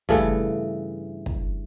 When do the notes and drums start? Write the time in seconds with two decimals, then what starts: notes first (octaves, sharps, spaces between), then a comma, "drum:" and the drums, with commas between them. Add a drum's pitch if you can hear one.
0.09 G2 C#3 E3 A3, drum: kick
1.26 drum: kick